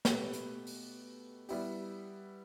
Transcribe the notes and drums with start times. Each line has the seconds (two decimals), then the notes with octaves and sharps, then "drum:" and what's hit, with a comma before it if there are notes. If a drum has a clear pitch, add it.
0.05 B2 A3 G4 B4, drum: snare
0.33 drum: hi-hat
0.67 drum: open hi-hat
1.49 G3 B3 E4 G4, drum: open hi-hat